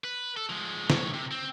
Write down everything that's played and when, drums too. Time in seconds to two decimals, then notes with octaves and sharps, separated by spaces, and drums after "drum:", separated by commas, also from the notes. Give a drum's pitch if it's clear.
0.04 B4
0.37 A4
0.50 F3 G#3
0.90 G2 C#5, drum: snare
1.14 C3
1.31 C4